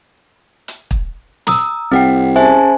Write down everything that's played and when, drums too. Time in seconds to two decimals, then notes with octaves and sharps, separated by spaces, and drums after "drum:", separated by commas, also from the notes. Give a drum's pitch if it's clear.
0.68 drum: hi-hat
0.91 drum: kick
1.47 A#5 D#6 E6, drum: snare
1.91 C2 C4 F#5 G5
2.36 C#4 G#4 C5 E5 G#5 A5